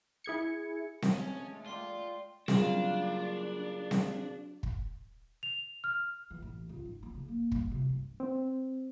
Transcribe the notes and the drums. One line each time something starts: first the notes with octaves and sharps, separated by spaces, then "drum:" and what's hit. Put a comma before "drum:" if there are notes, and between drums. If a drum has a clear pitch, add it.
E4 G#4 G#6 C#7
drum: snare C4
G#3 A3 C#4
F4 D5 G5 C6 C7 G7
C#3 F#3 G3 A#3 D4 F4, drum: snare C4
drum: snare C4
drum: kick
F7
F6
E3
A1
C#2
G#2
C#4
C#3
A#3
G3, drum: kick
C3
G2
C4